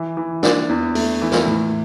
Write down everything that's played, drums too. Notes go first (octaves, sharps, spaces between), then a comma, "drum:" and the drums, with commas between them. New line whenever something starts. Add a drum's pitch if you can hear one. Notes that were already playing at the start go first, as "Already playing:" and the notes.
Already playing: E3
E3
D4, drum: snare
E2
A3, drum: open hi-hat
E3
drum: snare
A2